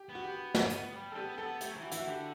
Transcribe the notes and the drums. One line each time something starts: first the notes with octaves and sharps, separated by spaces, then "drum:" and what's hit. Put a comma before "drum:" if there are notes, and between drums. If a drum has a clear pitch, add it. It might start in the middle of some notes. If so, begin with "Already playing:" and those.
Already playing: G4
B3
F#4
G4
drum: snare
B3, drum: hi-hat
G3
A4
B3 G4
B3 A4
A3 G4, drum: hi-hat
F#3
E3
F#4
E3 E4, drum: hi-hat
F#4
D3 G4